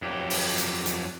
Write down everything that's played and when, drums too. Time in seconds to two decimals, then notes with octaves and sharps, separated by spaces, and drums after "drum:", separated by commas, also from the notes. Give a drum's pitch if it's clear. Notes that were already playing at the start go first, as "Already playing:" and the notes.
0.02 F2 F#3 G4
0.30 drum: open hi-hat
0.58 drum: hi-hat
0.86 drum: hi-hat